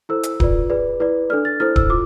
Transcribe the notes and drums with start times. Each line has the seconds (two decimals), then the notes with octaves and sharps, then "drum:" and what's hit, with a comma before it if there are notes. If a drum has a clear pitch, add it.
0.09 E4 A4 C5 E6
0.23 drum: hi-hat
0.40 F4 B4 D5, drum: kick D1
0.70 G#4 B4 D5
1.00 E4 B4 D5
1.30 D4 A4 D5 F6
1.45 A6
1.60 E4 A4 C5 F6
1.76 E6, drum: kick D1
1.90 F4 D6